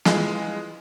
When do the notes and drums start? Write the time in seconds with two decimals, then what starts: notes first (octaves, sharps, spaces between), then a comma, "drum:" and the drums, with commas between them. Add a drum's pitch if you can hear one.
0.05 E3 G#3 F4, drum: snare